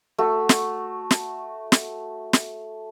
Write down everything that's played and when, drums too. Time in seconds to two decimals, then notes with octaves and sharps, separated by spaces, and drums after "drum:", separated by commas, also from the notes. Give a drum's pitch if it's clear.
0.18 A3 F#4
0.49 drum: snare
1.11 drum: snare
1.72 drum: snare
2.33 drum: snare